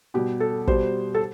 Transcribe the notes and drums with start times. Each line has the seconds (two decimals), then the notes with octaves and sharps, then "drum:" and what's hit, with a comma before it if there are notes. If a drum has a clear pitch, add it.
0.14 B2 G3 G4
0.40 A4
0.67 B2 G3 C5, drum: kick
1.15 A4